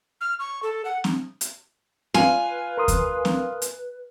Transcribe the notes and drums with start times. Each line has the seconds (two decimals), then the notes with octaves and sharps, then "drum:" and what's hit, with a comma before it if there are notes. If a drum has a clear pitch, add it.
0.21 F6
0.39 C#6
0.63 A4
0.85 F#5
1.04 drum: snare C4
1.41 drum: hi-hat
2.14 F4 B4 G#5, drum: snare C4
2.78 A#4 C6 D#6
2.88 drum: kick D#2, hi-hat
3.25 drum: snare C4
3.62 drum: hi-hat